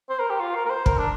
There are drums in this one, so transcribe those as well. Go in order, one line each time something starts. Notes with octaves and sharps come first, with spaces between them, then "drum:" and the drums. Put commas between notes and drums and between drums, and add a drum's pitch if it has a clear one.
C5
A#4
G4
F4
A#4
A#4
C5
A#4, drum: kick
D4